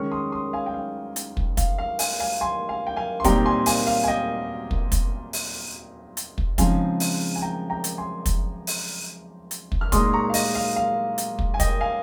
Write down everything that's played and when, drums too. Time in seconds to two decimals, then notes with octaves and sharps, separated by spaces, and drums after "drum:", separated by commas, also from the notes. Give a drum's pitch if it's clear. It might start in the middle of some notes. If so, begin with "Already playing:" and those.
Already playing: D#3 G#3 C#4 C#6 F6
0.11 C6 D#6
0.32 C6 D#6
0.53 F5 G#5
0.66 G5
0.74 F5
1.16 drum: hi-hat
1.37 drum: kick
1.57 F5, drum: kick, hi-hat
1.79 F5
1.99 F5 G#5, drum: open hi-hat
2.20 F5 G#5
2.41 G#5 C6
2.69 F5 G#5
2.87 G5
2.96 F5 G#5
3.20 C6
3.24 A#2 G3 C4 D#4 G5 A#5, drum: kick, hi-hat
3.46 G#5 C6
3.66 F5 G#5, drum: open hi-hat
3.87 F5
4.04 G#5
4.08 D#5 G5
4.71 drum: kick
4.92 drum: kick, hi-hat
5.33 drum: open hi-hat
6.17 drum: hi-hat
6.38 drum: kick
6.58 C#3 F3 G#3 C4 D#4 F5 G#5, drum: kick, hi-hat
7.00 drum: open hi-hat
7.36 G#5
7.42 G5 A#5
7.70 G5 A#5
7.84 drum: hi-hat
7.98 G#5 C6
8.26 drum: kick, hi-hat
8.67 drum: open hi-hat
9.51 drum: hi-hat
9.72 drum: kick
9.81 F6
9.92 A#2 G#3 D#4 C6 D#6, drum: kick, hi-hat
10.13 A#5 C#6
10.30 F5
10.34 D#5, drum: open hi-hat
10.55 F5
10.76 F5
11.18 drum: hi-hat
11.39 drum: kick
11.54 G#5
11.60 D#5 G5, drum: kick, hi-hat
11.81 F5 G#5